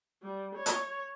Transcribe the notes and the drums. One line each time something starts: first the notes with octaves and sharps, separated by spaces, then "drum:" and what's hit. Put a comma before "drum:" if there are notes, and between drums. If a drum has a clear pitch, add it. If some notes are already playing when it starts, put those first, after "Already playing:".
G3
C#5
drum: hi-hat